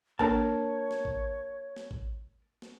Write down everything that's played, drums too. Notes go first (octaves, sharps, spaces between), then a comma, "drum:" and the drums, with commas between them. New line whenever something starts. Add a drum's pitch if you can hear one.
A#3 D4 A#4 C#5 A5, drum: kick A1
drum: snare
drum: kick A1
drum: snare
drum: kick A1
drum: snare